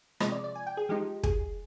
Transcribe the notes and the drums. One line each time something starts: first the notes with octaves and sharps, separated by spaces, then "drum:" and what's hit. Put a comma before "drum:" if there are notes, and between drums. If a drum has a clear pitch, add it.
C3 F3 G#3 D#5, drum: rim click
D5
D5
G#5
G5
G#4
F3 G#3 D#4 G4
G#4, drum: kick